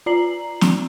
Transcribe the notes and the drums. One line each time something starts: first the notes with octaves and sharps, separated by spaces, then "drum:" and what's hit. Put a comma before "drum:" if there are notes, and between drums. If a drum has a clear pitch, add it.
F4 D5 A#5 C7 F#7
drum: snare